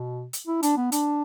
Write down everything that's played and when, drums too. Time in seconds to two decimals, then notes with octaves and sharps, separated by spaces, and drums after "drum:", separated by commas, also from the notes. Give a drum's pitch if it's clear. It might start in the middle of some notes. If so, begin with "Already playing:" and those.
Already playing: B2
0.33 drum: hi-hat
0.47 E4
0.63 D4, drum: hi-hat
0.77 B3
0.92 D4, drum: hi-hat